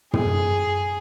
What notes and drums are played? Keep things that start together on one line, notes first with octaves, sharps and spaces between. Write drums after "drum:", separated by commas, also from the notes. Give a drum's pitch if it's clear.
G#4, drum: tom